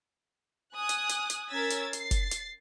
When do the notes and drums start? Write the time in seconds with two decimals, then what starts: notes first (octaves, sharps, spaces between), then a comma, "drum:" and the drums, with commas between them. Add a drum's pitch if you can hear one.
0.75 G#5 D#6 F#6
0.89 drum: hi-hat
1.09 drum: hi-hat
1.30 drum: hi-hat
1.50 C#4 A#4 E6 G#6 A6 B6
1.70 drum: hi-hat
1.93 A6 C7, drum: hi-hat
2.11 drum: kick, hi-hat
2.31 drum: hi-hat